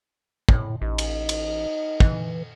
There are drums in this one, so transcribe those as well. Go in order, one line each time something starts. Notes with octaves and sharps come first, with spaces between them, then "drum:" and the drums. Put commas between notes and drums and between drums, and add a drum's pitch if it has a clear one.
A2, drum: kick
A1 D#4
drum: cymbal
drum: cymbal
E3, drum: kick